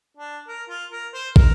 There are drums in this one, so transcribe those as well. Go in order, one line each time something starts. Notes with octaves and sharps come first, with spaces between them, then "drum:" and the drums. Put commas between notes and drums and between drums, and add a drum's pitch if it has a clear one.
D4
A#4
F4
A#4
C5
A#4, drum: kick